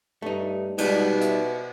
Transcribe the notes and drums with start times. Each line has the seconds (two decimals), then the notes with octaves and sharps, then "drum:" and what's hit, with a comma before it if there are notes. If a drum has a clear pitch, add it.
0.22 G2 A3 D#4
0.78 B2 G3 G#3 D4 D#4 F4, drum: cymbal
1.21 E5, drum: hi-hat